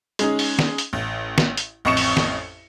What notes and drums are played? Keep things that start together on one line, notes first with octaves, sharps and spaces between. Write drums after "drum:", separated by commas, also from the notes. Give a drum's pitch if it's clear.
G#3 C#4 D#4, drum: hi-hat
drum: open hi-hat
drum: snare
drum: hi-hat
A1
drum: snare
drum: hi-hat
A1 F2 D#5 C#6 C#7 E7
drum: open hi-hat
drum: snare